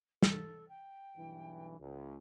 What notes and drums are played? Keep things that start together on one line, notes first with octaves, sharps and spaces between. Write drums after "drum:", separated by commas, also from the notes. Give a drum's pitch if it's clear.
A4, drum: snare
G5
B1 G2 E3
C#2